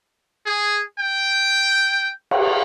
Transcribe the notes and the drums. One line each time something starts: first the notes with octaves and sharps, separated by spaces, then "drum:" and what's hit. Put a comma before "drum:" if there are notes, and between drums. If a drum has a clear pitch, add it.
G#4
G5
drum: cymbal